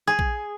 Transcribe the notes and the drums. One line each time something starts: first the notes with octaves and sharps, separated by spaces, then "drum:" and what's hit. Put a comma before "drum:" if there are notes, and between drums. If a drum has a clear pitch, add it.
G#4
drum: kick A#1